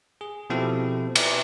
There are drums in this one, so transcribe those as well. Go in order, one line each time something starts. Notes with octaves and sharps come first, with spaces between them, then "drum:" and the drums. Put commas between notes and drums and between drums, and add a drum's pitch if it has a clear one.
G#4
B2 F3 C4 E4 G4 A4
B4 D5 G#5, drum: cymbal